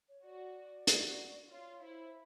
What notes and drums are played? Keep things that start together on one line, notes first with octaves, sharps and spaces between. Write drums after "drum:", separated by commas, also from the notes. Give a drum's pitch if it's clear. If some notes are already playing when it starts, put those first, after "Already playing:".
C#5
F#4 D5
F#4, drum: hi-hat
F4 C#5
E4 C5